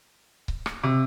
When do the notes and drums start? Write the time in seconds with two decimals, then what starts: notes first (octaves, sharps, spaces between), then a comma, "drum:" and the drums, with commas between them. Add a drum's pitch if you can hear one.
0.48 drum: kick C#1
0.66 drum: rim click
0.83 C3